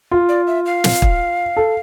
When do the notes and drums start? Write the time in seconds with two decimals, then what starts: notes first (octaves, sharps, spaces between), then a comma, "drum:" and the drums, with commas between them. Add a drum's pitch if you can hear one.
0.11 F4
0.29 D5
0.47 E5
0.66 F5
0.84 drum: snare
1.02 drum: kick
1.57 A4